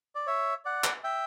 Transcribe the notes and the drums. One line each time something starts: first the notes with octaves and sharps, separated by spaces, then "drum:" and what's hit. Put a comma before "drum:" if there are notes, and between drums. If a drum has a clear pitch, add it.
D5
C#5 E5
D5 F#5
drum: clap
E5 G5